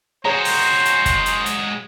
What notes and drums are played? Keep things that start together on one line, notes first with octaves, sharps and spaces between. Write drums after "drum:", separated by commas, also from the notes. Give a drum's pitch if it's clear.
G#3 F#4 G#4 C5 C#5 A#5
drum: open hi-hat
drum: hi-hat
drum: kick, hi-hat
drum: hi-hat
drum: hi-hat